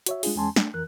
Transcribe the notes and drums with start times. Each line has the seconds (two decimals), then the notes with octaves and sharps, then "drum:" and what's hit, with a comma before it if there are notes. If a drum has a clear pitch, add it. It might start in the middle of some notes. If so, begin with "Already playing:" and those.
0.06 F#4 C#5 E5, drum: hi-hat
0.23 G#3 D4 F4 G#4, drum: open hi-hat
0.36 E2 G#3 C#4 G#5 A5 C6
0.56 A3 D4, drum: snare
0.74 F2 E3 A#4 F#6